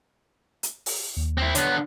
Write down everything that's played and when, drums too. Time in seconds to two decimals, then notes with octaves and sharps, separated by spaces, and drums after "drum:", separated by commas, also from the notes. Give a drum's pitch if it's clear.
0.63 drum: hi-hat
0.86 drum: open hi-hat
1.17 D#2
1.38 C4 E4
1.55 D3 B3 C#5, drum: hi-hat